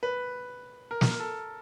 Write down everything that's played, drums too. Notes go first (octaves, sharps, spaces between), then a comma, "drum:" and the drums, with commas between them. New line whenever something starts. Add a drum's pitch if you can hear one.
B4
A#4
drum: snare
A#4
A4